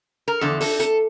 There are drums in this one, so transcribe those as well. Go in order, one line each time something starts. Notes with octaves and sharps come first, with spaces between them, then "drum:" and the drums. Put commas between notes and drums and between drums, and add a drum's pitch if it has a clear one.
A#4
E2 D3 F3 A4
A4, drum: open hi-hat
A4, drum: hi-hat